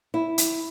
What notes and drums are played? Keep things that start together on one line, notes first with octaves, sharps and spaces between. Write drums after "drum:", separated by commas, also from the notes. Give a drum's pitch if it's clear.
E4
drum: hi-hat